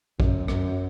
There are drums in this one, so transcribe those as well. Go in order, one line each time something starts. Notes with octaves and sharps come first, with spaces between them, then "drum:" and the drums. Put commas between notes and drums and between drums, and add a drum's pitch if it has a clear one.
F#2, drum: kick
F#2, drum: rim click